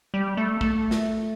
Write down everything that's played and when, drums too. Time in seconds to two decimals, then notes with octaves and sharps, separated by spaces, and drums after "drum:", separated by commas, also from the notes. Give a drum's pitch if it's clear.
0.14 G3
0.37 A3
0.61 A3, drum: kick
0.91 drum: snare